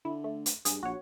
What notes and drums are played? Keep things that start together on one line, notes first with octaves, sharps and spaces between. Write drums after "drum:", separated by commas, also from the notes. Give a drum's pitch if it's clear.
D3 E4
A3
drum: hi-hat
G2 G#4, drum: hi-hat
A#1 F#4 C#5